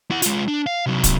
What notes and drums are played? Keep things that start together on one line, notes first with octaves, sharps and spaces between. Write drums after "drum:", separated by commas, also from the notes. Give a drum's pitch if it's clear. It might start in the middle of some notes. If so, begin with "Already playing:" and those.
E4 F#5
G#3 F4, drum: hi-hat
D4
F5
C3 F#3
drum: kick, hi-hat